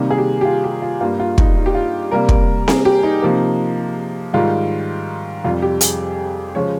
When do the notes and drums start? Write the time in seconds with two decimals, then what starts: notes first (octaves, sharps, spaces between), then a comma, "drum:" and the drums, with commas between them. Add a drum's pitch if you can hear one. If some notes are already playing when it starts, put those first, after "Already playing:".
Already playing: C3 D#3 G3 A#3
0.10 G#4
0.18 G4
0.41 G4
0.45 F4
0.64 G4
0.82 F4
1.01 G2 G3 A#3 F4
1.20 F4
1.38 D#4, drum: kick
1.56 D#4
1.66 G4
1.75 F4
2.11 C3 G3 A#3 A#4
2.29 drum: kick
2.68 G#4, drum: snare C4
2.85 G4
3.03 D#4
3.22 C3 F3 A#3
4.33 G#2 D#3 G3 F4
5.44 F2 C3 G3 F4
5.62 G4
5.81 G#4, drum: hi-hat
6.55 C#3 F3 G#3 C#5